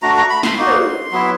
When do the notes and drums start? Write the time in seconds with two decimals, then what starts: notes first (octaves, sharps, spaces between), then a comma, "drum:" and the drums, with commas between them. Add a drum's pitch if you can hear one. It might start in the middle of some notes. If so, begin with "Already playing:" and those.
0.02 A3 D4 F#4 A#5
0.16 A#5
0.30 B5
0.43 C6, drum: snare
0.57 A#3 D#4 F#4
0.67 drum: tom
1.11 F#3 B3 E4